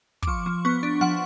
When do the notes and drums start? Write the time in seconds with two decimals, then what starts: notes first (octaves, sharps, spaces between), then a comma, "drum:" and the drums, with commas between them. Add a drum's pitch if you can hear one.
0.22 D6, drum: kick
0.27 F3 C#6
0.46 F3
0.65 B3 C#6
0.83 D4
1.01 F3 F#5